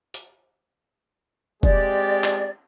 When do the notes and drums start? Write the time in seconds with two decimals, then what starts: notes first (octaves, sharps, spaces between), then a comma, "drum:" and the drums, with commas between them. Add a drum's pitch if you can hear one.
0.14 drum: hi-hat
1.63 G#3 C4 G4 D5, drum: kick
2.24 drum: clap